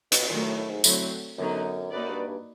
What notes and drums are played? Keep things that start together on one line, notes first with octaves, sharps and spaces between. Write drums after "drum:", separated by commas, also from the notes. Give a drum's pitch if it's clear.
B2, drum: hi-hat
A#2 D#3 F#3 A3
A2
A2
G#2
A2 D3 F#3 A3 C4, drum: tambourine
F#2 D3 F#3 B3 D#4
F#2 A#3 D#4 F#4 B4 D5
G2
G2